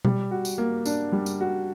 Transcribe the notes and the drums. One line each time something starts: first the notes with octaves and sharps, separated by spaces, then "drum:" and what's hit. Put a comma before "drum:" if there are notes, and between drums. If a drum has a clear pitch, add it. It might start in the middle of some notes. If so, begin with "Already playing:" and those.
G3, drum: tom B2
F#4
drum: tambourine
A#3
D4, drum: tambourine
G3
drum: tambourine
F#4